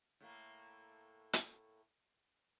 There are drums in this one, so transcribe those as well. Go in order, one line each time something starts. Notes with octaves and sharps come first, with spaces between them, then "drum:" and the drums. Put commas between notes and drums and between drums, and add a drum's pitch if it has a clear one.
A2 A3 A#3
drum: hi-hat